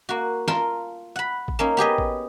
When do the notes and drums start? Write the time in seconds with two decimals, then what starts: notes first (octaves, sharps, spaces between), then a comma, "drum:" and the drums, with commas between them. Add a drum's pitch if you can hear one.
0.09 A#3 F#4
0.48 F4 A#4 A5, drum: snare
1.16 F#5 B5
1.48 drum: kick A1
1.59 A#3 C#4 D#4
1.77 B3 G4 G#4 D#5
1.98 drum: kick A1